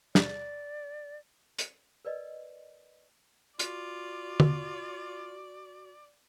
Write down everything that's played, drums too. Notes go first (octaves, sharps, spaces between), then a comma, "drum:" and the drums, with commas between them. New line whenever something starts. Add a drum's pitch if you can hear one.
D5, drum: snare
drum: hi-hat
A#4 B4 D5 D#5
F4 F#4 D5, drum: hi-hat
drum: tom D3